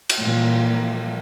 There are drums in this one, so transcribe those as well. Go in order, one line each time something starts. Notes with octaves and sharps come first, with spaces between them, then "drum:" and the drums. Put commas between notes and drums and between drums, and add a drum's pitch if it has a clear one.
drum: cymbal
A#2 E3 F3 G3 A#3